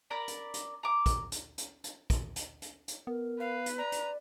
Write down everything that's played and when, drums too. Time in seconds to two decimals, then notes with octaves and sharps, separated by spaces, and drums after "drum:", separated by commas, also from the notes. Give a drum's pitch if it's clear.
0.10 A#4 D5 A#5 B5
0.28 drum: hi-hat
0.54 drum: hi-hat
0.83 A#5 D6
1.06 drum: kick, hi-hat
1.32 drum: hi-hat
1.58 drum: hi-hat
1.84 drum: hi-hat
2.10 drum: kick, hi-hat
2.36 drum: hi-hat
2.62 drum: hi-hat
2.88 drum: hi-hat
3.07 B3 A#4
3.40 B4 F5
3.66 drum: hi-hat
3.78 D5 A#5
3.92 drum: hi-hat